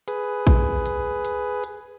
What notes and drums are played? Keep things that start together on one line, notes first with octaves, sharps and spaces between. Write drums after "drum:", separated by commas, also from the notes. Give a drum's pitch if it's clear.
G#4 B4, drum: hi-hat
drum: kick A#1
drum: hi-hat
drum: hi-hat
drum: hi-hat